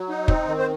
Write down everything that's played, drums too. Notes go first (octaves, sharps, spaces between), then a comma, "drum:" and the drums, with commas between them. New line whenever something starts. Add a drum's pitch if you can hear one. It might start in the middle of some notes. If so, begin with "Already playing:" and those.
Already playing: F#3
D#4
C4, drum: kick
D#3
C5